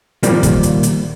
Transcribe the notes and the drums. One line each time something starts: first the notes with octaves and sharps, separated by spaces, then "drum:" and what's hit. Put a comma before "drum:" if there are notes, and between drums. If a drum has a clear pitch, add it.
A#2 D#3 F3 G3 A#3, drum: hi-hat
drum: kick, hi-hat
drum: hi-hat
drum: hi-hat